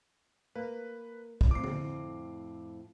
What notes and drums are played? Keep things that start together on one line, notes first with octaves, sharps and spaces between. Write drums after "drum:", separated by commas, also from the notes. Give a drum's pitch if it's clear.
A#3 B4
drum: kick
F2 A2 D6 C7
drum: tom D3